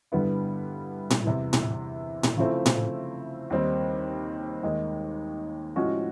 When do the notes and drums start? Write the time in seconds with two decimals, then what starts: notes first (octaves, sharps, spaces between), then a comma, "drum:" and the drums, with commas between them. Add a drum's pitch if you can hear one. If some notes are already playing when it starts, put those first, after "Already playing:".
0.12 G2 D3 G3 B3 E4
1.10 drum: tom A2
1.24 E2 C3 E3
1.53 drum: tom A2
2.23 drum: tom A2
2.37 C#3 F3 A3 C4 E4
2.66 drum: tom A2
3.50 D#2 D#3 G3 C4 D#4
4.63 D#2 D#3 G#3
5.76 A2 F3 G#3 C#4 F#4